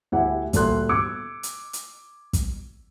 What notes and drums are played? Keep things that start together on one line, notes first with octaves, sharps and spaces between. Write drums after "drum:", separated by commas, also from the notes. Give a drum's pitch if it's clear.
D2 E4 G4 F#5 G#5
D2 A#2 G3 A4 C6 F#6, drum: kick, hi-hat
D6 E6 F#6 G#6 C#7
drum: hi-hat
drum: hi-hat
drum: kick, hi-hat